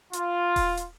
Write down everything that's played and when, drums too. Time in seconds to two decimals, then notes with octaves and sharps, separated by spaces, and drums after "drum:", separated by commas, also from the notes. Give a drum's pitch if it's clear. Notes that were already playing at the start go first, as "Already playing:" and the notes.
0.13 F4, drum: hi-hat
0.56 drum: kick D#1, open hi-hat
0.77 drum: hi-hat